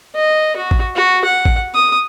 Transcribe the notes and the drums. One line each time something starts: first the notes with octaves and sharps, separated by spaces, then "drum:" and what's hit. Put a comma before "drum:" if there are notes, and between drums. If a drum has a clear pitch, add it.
D#5
F#4
drum: kick A1
F#4
F#5
drum: kick A1
D#6